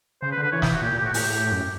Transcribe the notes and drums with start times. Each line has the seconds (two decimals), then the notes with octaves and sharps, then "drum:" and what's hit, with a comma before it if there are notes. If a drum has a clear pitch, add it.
0.22 C#3 C5
0.32 B4
0.37 D3
0.43 B4
0.52 E3 C#5
0.62 G4, drum: snare
0.73 F#4
0.82 A#2 G4
0.93 A#2
0.98 G4
1.02 A2 F#4
1.14 G4, drum: open hi-hat
1.52 F#2